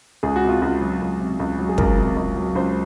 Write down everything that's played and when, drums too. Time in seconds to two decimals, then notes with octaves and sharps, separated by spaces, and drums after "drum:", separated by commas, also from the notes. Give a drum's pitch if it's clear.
0.23 C#2 G#4
0.36 F#4
0.43 C3
0.49 F4
0.62 C#2 F#4
0.81 F#3
1.01 C#2
1.20 C3
1.39 C#2
1.59 F#3
1.69 G#4
1.78 C#2 A#4, drum: kick
1.98 C3
2.16 C#2
2.36 F#3
2.55 C#2 C5